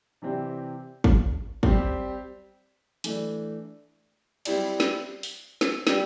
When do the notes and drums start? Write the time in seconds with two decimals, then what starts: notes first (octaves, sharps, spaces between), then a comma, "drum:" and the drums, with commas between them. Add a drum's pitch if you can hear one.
0.22 C3 E3 C4 G4 D5
1.04 drum: kick
1.63 G3 C4 G4, drum: kick
3.04 E3 A3 D4, drum: hi-hat
4.45 G3 C4 E4 G4 D5, drum: cymbal
4.80 drum: snare
5.23 drum: open hi-hat
5.61 drum: snare
5.87 G3 D4 G4, drum: snare